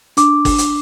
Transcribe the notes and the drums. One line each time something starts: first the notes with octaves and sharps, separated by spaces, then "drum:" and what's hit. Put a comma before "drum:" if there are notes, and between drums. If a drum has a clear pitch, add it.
D4 D6, drum: hi-hat
D4, drum: kick G1, open hi-hat
drum: hi-hat